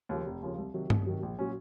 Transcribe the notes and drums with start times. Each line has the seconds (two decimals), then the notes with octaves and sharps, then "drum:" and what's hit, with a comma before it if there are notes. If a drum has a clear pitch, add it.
0.09 D#2 C#3 F3
0.26 F1
0.42 D#2 C#3 F3
0.58 C2
0.74 C3 D#3 F#3
0.90 C2, drum: tom G2
1.06 C3 D#3 F#3
1.23 A#1
1.39 A#2 F#3 C#4